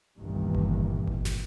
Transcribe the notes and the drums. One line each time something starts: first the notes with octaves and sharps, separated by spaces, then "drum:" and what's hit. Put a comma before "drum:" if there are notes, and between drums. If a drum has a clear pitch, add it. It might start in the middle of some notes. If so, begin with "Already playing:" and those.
G1 C2 G2 A#2 D#3 E3
drum: kick G1
drum: kick G1
drum: snare